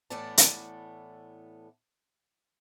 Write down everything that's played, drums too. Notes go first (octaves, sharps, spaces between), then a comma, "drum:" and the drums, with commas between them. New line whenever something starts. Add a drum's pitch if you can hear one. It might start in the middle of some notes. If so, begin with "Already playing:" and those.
A2 E3 A3 B3 D5 A5
drum: hi-hat